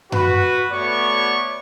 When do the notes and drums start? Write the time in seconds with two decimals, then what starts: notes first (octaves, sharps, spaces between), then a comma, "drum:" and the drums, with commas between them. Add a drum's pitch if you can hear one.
0.12 F#4 B4, drum: tom F#2
0.72 A3 B3 F#4 C#5 D5 C#6